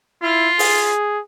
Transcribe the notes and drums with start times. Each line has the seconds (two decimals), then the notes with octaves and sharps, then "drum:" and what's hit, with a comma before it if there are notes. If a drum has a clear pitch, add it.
0.22 E4 F4
0.59 G#4, drum: open hi-hat